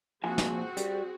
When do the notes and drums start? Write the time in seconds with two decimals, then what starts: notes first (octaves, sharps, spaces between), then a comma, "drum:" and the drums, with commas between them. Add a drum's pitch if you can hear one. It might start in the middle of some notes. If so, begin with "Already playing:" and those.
0.24 A#2 F3 C4 F#4 G#4 G#5
0.38 drum: snare
0.77 G3, drum: hi-hat